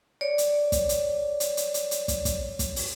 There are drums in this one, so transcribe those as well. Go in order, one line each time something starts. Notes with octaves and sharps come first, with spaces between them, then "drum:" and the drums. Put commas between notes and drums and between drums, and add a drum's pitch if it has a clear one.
C#5 D5
drum: hi-hat
drum: kick, hi-hat
drum: hi-hat
drum: hi-hat
drum: hi-hat
drum: hi-hat
drum: hi-hat
drum: kick, hi-hat
drum: kick, hi-hat
drum: kick, hi-hat
drum: open hi-hat